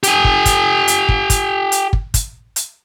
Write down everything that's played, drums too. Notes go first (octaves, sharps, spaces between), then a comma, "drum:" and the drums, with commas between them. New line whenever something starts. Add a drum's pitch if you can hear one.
G4 G#5, drum: hi-hat
drum: kick
drum: kick, hi-hat
drum: hi-hat
drum: kick
drum: kick, hi-hat
drum: hi-hat
drum: kick
drum: kick, hi-hat
drum: hi-hat